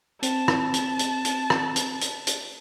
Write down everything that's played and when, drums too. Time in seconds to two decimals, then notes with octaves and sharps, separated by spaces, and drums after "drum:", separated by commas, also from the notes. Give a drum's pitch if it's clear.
0.23 C4 A5, drum: hi-hat
0.48 drum: rim click
0.74 drum: hi-hat
0.99 drum: hi-hat
1.25 drum: hi-hat
1.50 drum: rim click
1.76 drum: hi-hat
2.01 drum: hi-hat
2.27 drum: hi-hat